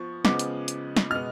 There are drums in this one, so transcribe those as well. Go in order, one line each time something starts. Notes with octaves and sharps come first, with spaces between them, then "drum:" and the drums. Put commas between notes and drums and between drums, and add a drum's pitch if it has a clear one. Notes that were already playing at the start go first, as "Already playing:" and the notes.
Already playing: F3 B3 C#6
C#3 F3 G#3 B3 D6, drum: snare
drum: hi-hat
drum: hi-hat
drum: snare
B2 G#3 B3 F6